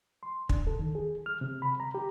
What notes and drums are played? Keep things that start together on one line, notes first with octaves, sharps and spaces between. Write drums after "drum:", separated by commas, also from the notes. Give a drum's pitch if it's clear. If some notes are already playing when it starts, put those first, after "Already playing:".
C6
D4, drum: kick
A4
D#3
G#4
F6
C3
B5
A#5
G4